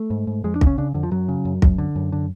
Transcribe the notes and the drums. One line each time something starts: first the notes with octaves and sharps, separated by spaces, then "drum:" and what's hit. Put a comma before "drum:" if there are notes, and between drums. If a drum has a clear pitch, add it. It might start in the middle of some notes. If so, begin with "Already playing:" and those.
Already playing: A3
G#2
G#2
F2 G#3
D4
C#3, drum: kick
C#4
C#3 D4
F2 D3
F3
F#2 F#3
C#3
F#2
F#2, drum: kick
D3
F#2
D3